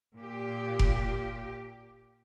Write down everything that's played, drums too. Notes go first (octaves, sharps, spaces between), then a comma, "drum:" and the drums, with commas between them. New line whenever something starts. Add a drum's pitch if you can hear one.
A#2 G4
drum: kick F1